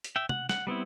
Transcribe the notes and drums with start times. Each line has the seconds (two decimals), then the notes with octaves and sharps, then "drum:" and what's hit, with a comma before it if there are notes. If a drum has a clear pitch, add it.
0.04 drum: hi-hat
0.16 E5 G5
0.29 F#5, drum: tom C3
0.49 F#5, drum: snare
0.67 G3 B3 C4 E4